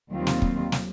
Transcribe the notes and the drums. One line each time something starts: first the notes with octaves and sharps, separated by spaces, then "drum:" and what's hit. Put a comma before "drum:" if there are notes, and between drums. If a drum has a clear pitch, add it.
D#2 D#3 F#3 G3 C4 F4
drum: snare
drum: kick
F#3, drum: snare